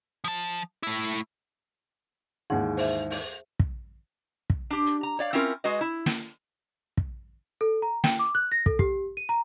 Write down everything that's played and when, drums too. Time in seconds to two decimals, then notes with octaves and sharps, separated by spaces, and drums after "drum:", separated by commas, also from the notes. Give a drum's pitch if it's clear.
0.24 F3 A5
0.83 A3 E4
2.50 D#2 G#2 E3 G#4 F#5
2.77 C5 E5, drum: open hi-hat
3.10 drum: open hi-hat
3.60 drum: kick
4.50 drum: kick
4.70 D4 G4
4.86 drum: hi-hat
5.03 A#5
5.19 C#5 D5 F5
5.33 C4 C#4 E4 F4 A4 A#4
5.64 G#3 F#4 B4 D#5
5.81 E4
6.06 drum: snare
6.97 drum: kick
7.61 A4
7.82 A#5
8.04 G5, drum: snare
8.19 D6
8.35 F#6
8.52 A#6
8.66 A4, drum: kick
8.79 G4, drum: kick
9.17 D#7
9.29 A#5